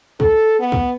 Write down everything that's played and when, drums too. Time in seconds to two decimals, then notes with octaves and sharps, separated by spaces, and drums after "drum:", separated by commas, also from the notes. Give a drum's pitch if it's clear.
0.20 A4, drum: kick
0.59 B3
0.72 drum: kick